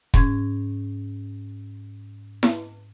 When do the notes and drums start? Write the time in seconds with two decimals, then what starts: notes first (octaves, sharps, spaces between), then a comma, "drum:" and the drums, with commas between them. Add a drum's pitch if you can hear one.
0.14 G#2 C#4 G#6, drum: kick
2.43 drum: snare E4